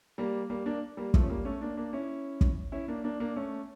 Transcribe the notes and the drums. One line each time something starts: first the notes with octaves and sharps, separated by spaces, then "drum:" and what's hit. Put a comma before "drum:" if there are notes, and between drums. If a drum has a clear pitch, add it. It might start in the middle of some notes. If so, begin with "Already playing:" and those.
G3 A#3
G3 A#3
A#3 D4
G3 A#3
F3 A3, drum: kick
C#4
G3 A#3
A3 C#4
A#3 D4
A#3 D4
C#4 E4
drum: kick
C#4 E4
A#3 D4
A#3 D4
A#3 D4
A3 C#4